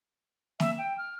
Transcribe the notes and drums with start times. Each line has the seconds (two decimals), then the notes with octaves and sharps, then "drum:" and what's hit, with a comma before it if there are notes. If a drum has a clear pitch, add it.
0.60 E5, drum: snare
0.78 G5
0.98 F6